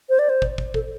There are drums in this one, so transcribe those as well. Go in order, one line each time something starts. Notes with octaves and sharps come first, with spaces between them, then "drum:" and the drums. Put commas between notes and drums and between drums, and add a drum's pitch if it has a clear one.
C5
D5
C5
drum: kick
drum: kick
A4, drum: kick